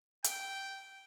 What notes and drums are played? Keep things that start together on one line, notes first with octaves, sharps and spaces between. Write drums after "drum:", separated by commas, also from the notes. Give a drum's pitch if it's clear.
G5, drum: hi-hat